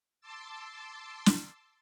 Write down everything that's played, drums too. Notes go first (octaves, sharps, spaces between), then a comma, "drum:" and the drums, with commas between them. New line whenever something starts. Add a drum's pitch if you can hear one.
A5 C6 D6 E6 A6
drum: snare